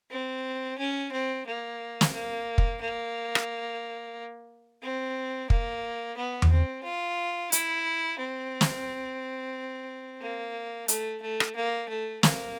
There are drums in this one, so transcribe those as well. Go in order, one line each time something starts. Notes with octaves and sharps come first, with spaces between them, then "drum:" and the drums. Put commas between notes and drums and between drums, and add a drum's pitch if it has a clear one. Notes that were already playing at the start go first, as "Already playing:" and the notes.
C4
C#4
C4
A#3
drum: snare
A#3
drum: kick
A#3
drum: rim click
C4
A#3, drum: kick
B3
drum: tom E2
C4
F4
E4, drum: hi-hat
C4
drum: snare
A#3
A3, drum: hi-hat
A3
drum: rim click
A#3
A3
A#3, drum: snare